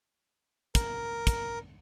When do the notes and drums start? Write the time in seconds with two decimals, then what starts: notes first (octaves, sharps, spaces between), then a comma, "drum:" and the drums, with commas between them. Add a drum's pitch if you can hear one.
0.75 A#4, drum: kick, hi-hat
1.27 drum: kick, hi-hat